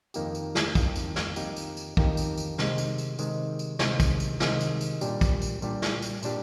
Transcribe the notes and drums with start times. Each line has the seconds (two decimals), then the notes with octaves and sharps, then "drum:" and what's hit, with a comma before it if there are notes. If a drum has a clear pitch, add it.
0.14 F2 D#3 A#3 D#4 G4, drum: tambourine
0.35 drum: tambourine
0.55 drum: snare
0.75 F2 D#3 A#3 D#4 G4, drum: kick, tambourine
0.96 drum: tambourine
1.16 drum: snare
1.36 F2 D#3 A#3 D#4 G4, drum: tambourine
1.56 drum: tambourine
1.77 drum: tambourine
1.97 F2 D#3 A#3 D#4 G4, drum: kick
2.17 drum: tambourine
2.38 drum: tambourine
2.58 C3 D#3 G#3, drum: snare
2.78 drum: tambourine
2.98 drum: tambourine
3.19 C3 D#3 G#3, drum: tambourine
3.59 drum: tambourine
3.79 C3 D#3 G#3, drum: snare
4.00 drum: kick, tambourine
4.20 drum: tambourine
4.40 C3 D#3 G#3, drum: snare
4.61 drum: tambourine
4.81 drum: tambourine
5.01 A#2 G3 D4 G4, drum: tambourine
5.21 drum: kick, tambourine
5.42 drum: tambourine
5.62 A#2 G3 D4 G4, drum: tambourine
5.82 drum: snare
6.02 drum: tambourine
6.23 A#2 G3 D4 G4, drum: tambourine